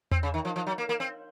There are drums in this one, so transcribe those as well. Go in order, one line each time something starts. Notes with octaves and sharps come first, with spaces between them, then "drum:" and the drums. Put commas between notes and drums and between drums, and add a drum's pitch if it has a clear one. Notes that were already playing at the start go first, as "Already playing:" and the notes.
C4, drum: tom E2
C#3
D#3
F3
F3
F#3
A#3
A#3
C4